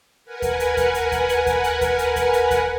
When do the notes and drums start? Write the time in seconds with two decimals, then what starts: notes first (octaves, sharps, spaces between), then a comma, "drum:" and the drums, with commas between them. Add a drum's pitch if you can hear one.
0.25 A#4 B4 F#5 G#5
0.42 drum: kick D#2, hi-hat
0.60 drum: hi-hat
0.77 drum: kick D#2, hi-hat
0.94 drum: hi-hat
1.12 drum: kick D#2, hi-hat
1.29 drum: hi-hat
1.46 drum: kick D#2, hi-hat
1.64 drum: hi-hat
1.81 drum: kick D#2, hi-hat
1.99 drum: hi-hat
2.16 drum: kick D#2, hi-hat
2.33 drum: hi-hat
2.51 drum: kick D#2, hi-hat